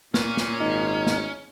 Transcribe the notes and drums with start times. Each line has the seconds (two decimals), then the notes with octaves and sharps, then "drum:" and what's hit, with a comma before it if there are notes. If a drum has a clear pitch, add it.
0.14 A#2 C#4, drum: snare
0.37 drum: snare
0.60 G#1 D#4
1.07 drum: snare